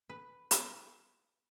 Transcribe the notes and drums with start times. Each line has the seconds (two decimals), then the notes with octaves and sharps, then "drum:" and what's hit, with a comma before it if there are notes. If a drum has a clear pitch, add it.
0.10 B4
0.51 drum: hi-hat